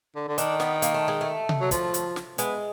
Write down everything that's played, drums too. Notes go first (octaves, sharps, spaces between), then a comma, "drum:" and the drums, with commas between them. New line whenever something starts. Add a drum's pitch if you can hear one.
D3
D3
D#3 D4, drum: hi-hat
B3, drum: snare
A#3, drum: hi-hat
A3
G#3
A3
drum: tom C3
F#3
F3, drum: kick, hi-hat
drum: hi-hat
drum: snare
G#3 B3, drum: hi-hat